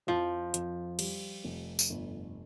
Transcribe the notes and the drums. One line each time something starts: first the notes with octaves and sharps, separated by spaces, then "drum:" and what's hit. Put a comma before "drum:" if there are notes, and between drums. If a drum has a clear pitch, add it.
F2 F3
F2, drum: hi-hat
G3, drum: cymbal
F1
drum: tambourine
G1